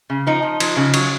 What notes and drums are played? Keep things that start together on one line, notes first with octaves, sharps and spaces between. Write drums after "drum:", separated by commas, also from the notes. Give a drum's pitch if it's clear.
C#3
F3 D#4
F3
F3, drum: cymbal
C#3
F#3, drum: cymbal